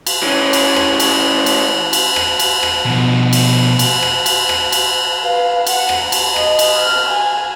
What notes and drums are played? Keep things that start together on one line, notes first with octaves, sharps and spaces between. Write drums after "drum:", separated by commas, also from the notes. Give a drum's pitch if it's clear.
drum: cymbal
E3 C#4
drum: cymbal
drum: rim click
drum: cymbal
drum: cymbal
drum: cymbal
drum: rim click
drum: cymbal
drum: rim click
B2 F3
drum: cymbal
drum: cymbal
drum: rim click
drum: cymbal
drum: rim click
drum: cymbal
B4 F5
F#5, drum: cymbal
drum: rim click
A#5
drum: cymbal
D#5, drum: rim click
drum: cymbal
F6
G#5